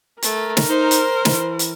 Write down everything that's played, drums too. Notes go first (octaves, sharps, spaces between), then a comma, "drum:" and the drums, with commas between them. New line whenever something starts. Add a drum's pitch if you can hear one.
A3 A#4, drum: hi-hat
drum: snare
D#4 C5
drum: hi-hat
E3, drum: snare
drum: hi-hat